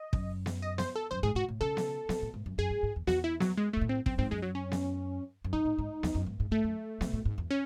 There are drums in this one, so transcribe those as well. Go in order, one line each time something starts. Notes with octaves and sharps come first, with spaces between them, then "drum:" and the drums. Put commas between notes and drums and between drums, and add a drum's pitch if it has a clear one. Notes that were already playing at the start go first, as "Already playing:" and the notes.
Already playing: D#5
F#2, drum: kick
drum: snare B3
D#5
C5, drum: snare B3
A4
F#2 C5
G#2 G#4
G#2 F#4
A2
C#3 A4
drum: snare B3
C3, drum: snare B3
A2
G#2
F#2
F#2 G#4
G#2
G#2
E2
E2 F#4, drum: snare B3
E4
F#3, drum: snare B3
G#3
G#2 A3
A2
C4
F#2 C4, drum: kick
G#2 C4
F#2 G#3
F#3
C#4
drum: snare B3
F#2
G#2 D#4
A2
G#2
E2, drum: snare B3
F#2
G#2
G#2
G#2 A3
F#2
C3, drum: snare B3
A2
G#2
E2
C#4